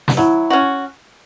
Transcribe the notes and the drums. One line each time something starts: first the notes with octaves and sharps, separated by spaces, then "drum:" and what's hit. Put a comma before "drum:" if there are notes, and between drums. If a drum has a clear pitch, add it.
drum: snare
F#3 E4
C#4 F#4